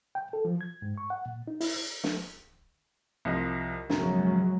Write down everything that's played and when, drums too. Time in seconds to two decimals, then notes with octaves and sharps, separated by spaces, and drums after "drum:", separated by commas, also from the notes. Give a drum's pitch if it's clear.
0.15 G5
0.33 A4
0.45 F3
0.61 G#6
0.82 G#2
0.98 C#6
1.10 F#5
1.26 A#2
1.48 D#4
1.61 E4, drum: open hi-hat
2.04 drum: snare
3.25 C2 F3 D#5
3.90 B1 F#2 C#3 F3 F#3 G#3, drum: snare